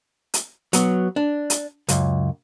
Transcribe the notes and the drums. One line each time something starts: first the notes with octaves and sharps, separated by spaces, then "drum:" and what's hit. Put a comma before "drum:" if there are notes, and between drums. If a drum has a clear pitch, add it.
drum: hi-hat
F#3 B3, drum: hi-hat
D4
drum: hi-hat
C#2 F#2, drum: hi-hat